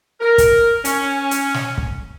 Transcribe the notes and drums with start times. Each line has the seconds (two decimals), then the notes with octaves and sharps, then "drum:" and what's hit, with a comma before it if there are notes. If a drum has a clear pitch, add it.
0.21 A#4
0.38 drum: kick, hi-hat
0.85 C#4, drum: hi-hat
1.31 drum: hi-hat
1.54 drum: snare
1.78 drum: kick